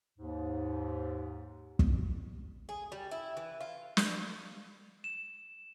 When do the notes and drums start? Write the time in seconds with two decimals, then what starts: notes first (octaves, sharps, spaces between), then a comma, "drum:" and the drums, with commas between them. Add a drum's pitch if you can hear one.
0.18 D#2 G#2
1.79 drum: kick
2.69 G#4
2.92 G3
3.11 E4
3.37 E3
3.61 F4
3.97 drum: snare
5.04 E7